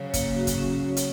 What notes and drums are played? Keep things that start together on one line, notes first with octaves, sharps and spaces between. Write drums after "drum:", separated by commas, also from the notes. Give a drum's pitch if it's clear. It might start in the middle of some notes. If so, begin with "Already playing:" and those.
Already playing: C#3 F#3 C#5
A#3, drum: kick, hi-hat
F#4
drum: kick, hi-hat
C#4
C#5
drum: hi-hat